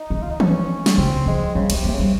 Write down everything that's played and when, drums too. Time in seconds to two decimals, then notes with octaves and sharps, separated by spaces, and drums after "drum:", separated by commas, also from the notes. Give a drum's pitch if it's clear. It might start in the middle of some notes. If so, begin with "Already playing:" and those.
Already playing: D#4
0.10 D#3
0.22 F4
0.31 D#4
0.40 C#4, drum: tom E3
0.86 drum: snare
0.97 C#3 C4
1.26 F3 G#3
1.55 C#3 G3
1.70 G#3, drum: cymbal
1.75 C3
1.84 A#3
1.88 C3
1.94 C#3 G3